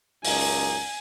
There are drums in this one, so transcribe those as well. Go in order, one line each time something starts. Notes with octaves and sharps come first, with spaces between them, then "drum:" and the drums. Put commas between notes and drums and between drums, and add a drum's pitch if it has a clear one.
C#2 F#2 D#4 G#5, drum: open hi-hat